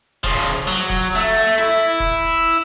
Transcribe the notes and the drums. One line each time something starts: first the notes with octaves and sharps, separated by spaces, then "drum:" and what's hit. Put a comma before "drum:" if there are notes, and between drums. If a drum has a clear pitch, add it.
C#3 F3, drum: kick E1
F#3
drum: kick E1
A3
E4
drum: kick E1